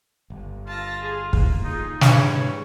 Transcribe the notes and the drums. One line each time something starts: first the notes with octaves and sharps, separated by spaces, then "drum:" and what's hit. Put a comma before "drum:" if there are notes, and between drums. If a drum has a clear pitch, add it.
G1
F4 A5 E6 A#6
G#4
A#3, drum: kick
D#4 F4 G#4
G#2 G3 G#3 D4 E4 C#5, drum: snare